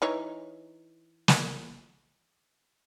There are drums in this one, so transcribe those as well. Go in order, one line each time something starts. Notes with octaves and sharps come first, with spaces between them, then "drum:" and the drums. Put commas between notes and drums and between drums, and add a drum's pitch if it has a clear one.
E3 D#4 C#5
drum: snare